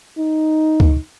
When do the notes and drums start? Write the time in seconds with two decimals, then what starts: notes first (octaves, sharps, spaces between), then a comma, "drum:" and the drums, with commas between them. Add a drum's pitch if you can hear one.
0.18 D#4
0.80 drum: kick D2